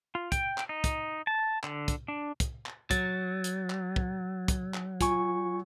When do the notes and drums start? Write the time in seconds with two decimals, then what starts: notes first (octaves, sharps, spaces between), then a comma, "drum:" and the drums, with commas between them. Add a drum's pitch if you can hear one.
0.15 F4
0.32 G5, drum: kick, hi-hat
0.58 drum: clap
0.69 D#4
0.84 drum: kick, hi-hat
1.27 A5
1.64 D3, drum: clap
1.88 drum: kick, hi-hat
2.08 D4
2.40 drum: kick, hi-hat
2.66 drum: clap
2.91 F#3 A6, drum: kick, hi-hat
3.44 drum: hi-hat
3.70 drum: clap
3.96 drum: kick
4.48 drum: kick, hi-hat
4.74 drum: clap
5.01 F4 G#5 C#6, drum: kick, hi-hat